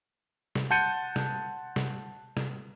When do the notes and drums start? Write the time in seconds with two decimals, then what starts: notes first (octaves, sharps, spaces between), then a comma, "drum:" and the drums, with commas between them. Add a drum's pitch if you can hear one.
0.55 drum: snare
0.71 F#5 A5 C6 G6 C#7 D#7
1.16 drum: snare
1.76 drum: snare
2.37 drum: snare